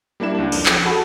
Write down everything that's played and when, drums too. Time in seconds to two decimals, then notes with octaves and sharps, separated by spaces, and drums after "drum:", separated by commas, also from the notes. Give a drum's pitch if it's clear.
0.20 G3 A#3 D4 E4 E7
0.35 C#2 D4
0.52 F2, drum: cymbal
0.66 F3, drum: clap
0.85 F#4 G#4 A4 F#5 A5 B5